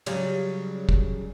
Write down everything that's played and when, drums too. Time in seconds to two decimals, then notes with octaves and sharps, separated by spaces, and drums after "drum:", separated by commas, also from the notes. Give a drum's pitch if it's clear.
0.06 C#3 F#3 G3, drum: cymbal
0.89 drum: kick